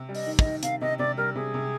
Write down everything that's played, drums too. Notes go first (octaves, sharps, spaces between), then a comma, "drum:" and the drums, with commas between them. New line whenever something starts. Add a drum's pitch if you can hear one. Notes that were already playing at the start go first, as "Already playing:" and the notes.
Already playing: C3
G3
D#5, drum: open hi-hat
D#3
D#5, drum: kick
D#3
C3 F5, drum: hi-hat
C3 D#5
C3 D5
G3 A#4
C3 G#4
C3